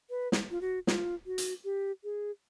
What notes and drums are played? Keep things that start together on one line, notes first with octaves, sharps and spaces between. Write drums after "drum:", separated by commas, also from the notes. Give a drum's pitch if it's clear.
B4
drum: snare
F4
F#4
F4, drum: snare
F#4
drum: hi-hat
G4
G#4